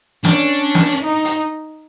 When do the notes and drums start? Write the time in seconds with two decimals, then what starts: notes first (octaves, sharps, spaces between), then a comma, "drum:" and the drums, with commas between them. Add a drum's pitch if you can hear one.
0.25 C#4 D4, drum: snare
0.75 drum: snare
1.00 D#4
1.25 drum: hi-hat